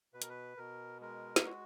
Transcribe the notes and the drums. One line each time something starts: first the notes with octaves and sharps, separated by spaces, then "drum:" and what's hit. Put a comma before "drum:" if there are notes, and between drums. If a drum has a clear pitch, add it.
B2 B4
A#4, drum: hi-hat
B4
B2 A#4
G#3 A#4
F4, drum: snare
G#3 F#4